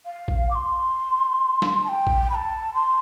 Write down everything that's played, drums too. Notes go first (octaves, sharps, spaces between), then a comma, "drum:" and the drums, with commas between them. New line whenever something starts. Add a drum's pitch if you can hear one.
F5
drum: kick A#1
D6
C6
drum: snare
A5
G5
drum: kick A#1
B5
A5
C6